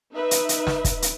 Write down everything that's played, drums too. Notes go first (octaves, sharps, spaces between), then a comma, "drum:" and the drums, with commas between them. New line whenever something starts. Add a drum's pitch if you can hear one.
D#4 B4 E5
drum: hi-hat
drum: hi-hat
drum: snare
drum: kick, hi-hat
drum: hi-hat